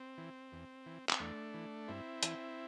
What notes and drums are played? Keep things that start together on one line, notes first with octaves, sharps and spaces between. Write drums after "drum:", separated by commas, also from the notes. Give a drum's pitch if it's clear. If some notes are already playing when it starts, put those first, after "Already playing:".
Already playing: C4
E3
E2
E3
C4, drum: clap
E2 A3 D4
E3
G2 C4 E4
E3, drum: hi-hat